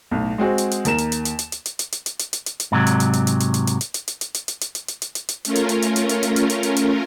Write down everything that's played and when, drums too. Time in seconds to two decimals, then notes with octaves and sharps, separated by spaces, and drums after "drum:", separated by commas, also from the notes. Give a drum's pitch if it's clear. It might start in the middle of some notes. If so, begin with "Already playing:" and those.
0.11 B1 A2
0.38 G#3 C4 F#4 G#4
0.58 drum: hi-hat
0.71 drum: hi-hat
0.85 D#2 A#4 E7, drum: hi-hat
0.98 drum: hi-hat
1.12 drum: hi-hat
1.25 drum: hi-hat
1.39 drum: hi-hat
1.52 drum: hi-hat
1.66 drum: hi-hat
1.79 drum: hi-hat
1.92 drum: hi-hat
2.06 drum: hi-hat
2.19 drum: hi-hat
2.33 drum: hi-hat
2.46 drum: hi-hat
2.60 drum: hi-hat
2.72 G#2 C3 F#3
2.87 drum: hi-hat
3.00 drum: hi-hat
3.13 drum: hi-hat
3.27 drum: hi-hat
3.40 drum: hi-hat
3.54 drum: hi-hat
3.67 drum: hi-hat
3.81 drum: hi-hat
3.94 drum: hi-hat
4.08 drum: hi-hat
4.21 drum: hi-hat
4.34 drum: hi-hat
4.48 drum: hi-hat
4.61 drum: hi-hat
4.75 drum: hi-hat
4.88 drum: hi-hat
5.02 drum: hi-hat
5.15 drum: hi-hat
5.29 drum: hi-hat
5.45 A3 C#4 F4 A#4, drum: hi-hat
5.55 drum: hi-hat
5.69 drum: hi-hat
5.82 drum: hi-hat
5.96 drum: hi-hat
6.09 drum: hi-hat
6.23 drum: hi-hat
6.36 drum: hi-hat
6.50 drum: hi-hat
6.63 drum: hi-hat
6.76 drum: hi-hat